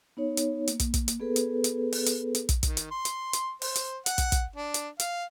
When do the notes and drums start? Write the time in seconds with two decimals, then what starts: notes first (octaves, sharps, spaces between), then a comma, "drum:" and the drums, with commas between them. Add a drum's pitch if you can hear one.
0.17 B3 D#4 C#5
0.37 drum: hi-hat
0.68 A#3, drum: hi-hat
0.80 drum: kick, hi-hat
0.94 drum: kick, hi-hat
1.08 drum: hi-hat
1.19 B3 G#4 A4 B4
1.36 drum: hi-hat
1.64 drum: hi-hat
1.93 drum: open hi-hat
2.07 drum: hi-hat
2.35 drum: hi-hat
2.49 drum: kick, hi-hat
2.63 D#3, drum: kick, hi-hat
2.77 drum: hi-hat
2.91 C6
3.05 drum: hi-hat
3.33 drum: hi-hat
3.62 C5, drum: open hi-hat
3.76 drum: hi-hat
4.06 F#5, drum: hi-hat
4.18 drum: kick, hi-hat
4.32 drum: kick, hi-hat
4.56 D4
4.74 drum: hi-hat
5.00 F5, drum: hi-hat